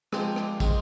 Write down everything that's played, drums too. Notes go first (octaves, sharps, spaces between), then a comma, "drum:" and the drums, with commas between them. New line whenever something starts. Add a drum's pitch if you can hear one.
C3 F3 G#3 C4 G4 B4, drum: rim click
drum: rim click
D#3 G#3 C4 F4, drum: kick, tambourine